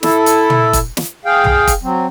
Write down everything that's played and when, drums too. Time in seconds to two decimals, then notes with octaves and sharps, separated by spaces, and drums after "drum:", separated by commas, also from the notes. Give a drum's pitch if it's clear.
0.03 E4 A4, drum: snare
0.26 drum: hi-hat
0.50 drum: tom
0.73 drum: kick, hi-hat
0.97 drum: snare
1.25 G#4 F5 G5
1.44 drum: tom
1.67 drum: kick, hi-hat
1.83 F#3 C4